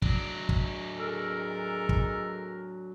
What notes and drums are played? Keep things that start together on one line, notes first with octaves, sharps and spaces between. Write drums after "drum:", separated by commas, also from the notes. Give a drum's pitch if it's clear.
F#3 D4, drum: kick
drum: kick
G#3 A4 A#4
drum: kick